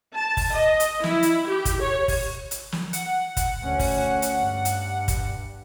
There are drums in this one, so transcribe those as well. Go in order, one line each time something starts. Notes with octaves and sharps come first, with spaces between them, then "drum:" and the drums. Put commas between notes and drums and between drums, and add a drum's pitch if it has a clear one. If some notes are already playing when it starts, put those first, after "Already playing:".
A5
drum: kick, open hi-hat
D#5
drum: hi-hat
E4, drum: snare
drum: hi-hat
G4
drum: kick, hi-hat
C#5
drum: kick, open hi-hat
drum: hi-hat
drum: snare
F#5, drum: hi-hat
drum: kick, hi-hat
D2 C#4
drum: kick, open hi-hat
drum: hi-hat
G2
drum: hi-hat
drum: kick, hi-hat